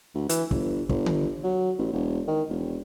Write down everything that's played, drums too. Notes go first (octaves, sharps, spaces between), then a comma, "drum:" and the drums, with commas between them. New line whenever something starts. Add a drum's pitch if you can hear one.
D2
E3, drum: hi-hat
G1, drum: kick
G1, drum: kick
drum: tom D3
F#3
A1
E1
D#3
E1